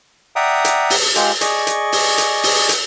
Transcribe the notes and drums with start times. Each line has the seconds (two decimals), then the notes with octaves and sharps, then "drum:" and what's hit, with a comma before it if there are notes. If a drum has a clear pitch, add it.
0.36 D5 E5 F#5 G5 A#5 D#6
0.65 drum: hi-hat
0.90 drum: open hi-hat
1.16 G#3 F4 G4, drum: hi-hat
1.41 G#4 D5 D#5 C#6, drum: hi-hat
1.67 drum: hi-hat
1.92 drum: open hi-hat
2.18 drum: hi-hat
2.43 drum: open hi-hat
2.69 drum: hi-hat